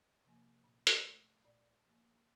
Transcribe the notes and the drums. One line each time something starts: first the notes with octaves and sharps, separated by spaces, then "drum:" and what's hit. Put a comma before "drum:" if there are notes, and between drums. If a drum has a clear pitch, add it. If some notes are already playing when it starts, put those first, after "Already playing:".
Already playing: D#5
C3 F3 A#3
A#2
drum: hi-hat
A3
A#2 D5
F3 A#3